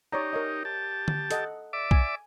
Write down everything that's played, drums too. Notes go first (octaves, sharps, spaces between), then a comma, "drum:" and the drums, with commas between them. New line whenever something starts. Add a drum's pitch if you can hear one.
D#4 G4 C#5 D5 A#5
A#4 C#5 D#5
G4 A5
drum: tom D3
A4 D#5 F#5, drum: hi-hat
D5 E5 D6
G#5, drum: kick B1